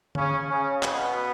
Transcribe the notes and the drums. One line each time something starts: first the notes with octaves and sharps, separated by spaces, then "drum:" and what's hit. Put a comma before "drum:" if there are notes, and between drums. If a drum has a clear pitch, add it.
C#3 C#4, drum: tom D3
C#3 C#4
B2 B3, drum: clap